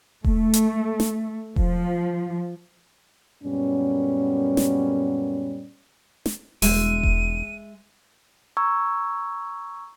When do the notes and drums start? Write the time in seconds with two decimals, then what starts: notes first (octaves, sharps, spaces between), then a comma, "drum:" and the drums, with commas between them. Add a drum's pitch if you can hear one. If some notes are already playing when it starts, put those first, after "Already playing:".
0.24 A3, drum: kick E1
0.53 drum: hi-hat
1.00 drum: snare
1.56 F3, drum: kick E1
3.44 F#2 A#2 G3 B3 C#4
4.57 drum: snare
6.26 drum: snare
6.62 E1 G#3 E5 D#7, drum: open hi-hat
7.03 drum: kick E1
8.57 A#5 C#6 E6 G#6